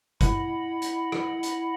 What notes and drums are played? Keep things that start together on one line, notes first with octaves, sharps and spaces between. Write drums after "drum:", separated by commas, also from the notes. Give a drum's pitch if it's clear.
E4 D#5 F#5 B5, drum: kick, hi-hat
drum: hi-hat
drum: rim click
drum: hi-hat